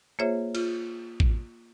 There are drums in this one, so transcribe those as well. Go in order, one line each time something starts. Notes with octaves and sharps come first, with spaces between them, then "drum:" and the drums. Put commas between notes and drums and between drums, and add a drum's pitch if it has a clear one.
A#3 F4 G#4 C5 C#5 E5
F4, drum: cymbal
drum: kick A1